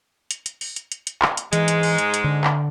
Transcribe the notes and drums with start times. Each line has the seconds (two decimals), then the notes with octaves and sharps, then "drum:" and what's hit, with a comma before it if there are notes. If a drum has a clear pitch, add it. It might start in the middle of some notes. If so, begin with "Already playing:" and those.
0.31 drum: hi-hat
0.46 drum: hi-hat
0.61 drum: open hi-hat
0.76 drum: hi-hat
0.92 drum: hi-hat
1.07 drum: hi-hat
1.22 drum: clap
1.37 drum: hi-hat
1.53 G#2 E3 G#3, drum: hi-hat
1.68 drum: hi-hat
1.83 drum: open hi-hat
1.98 drum: hi-hat
2.14 drum: hi-hat
2.24 D3
2.44 drum: clap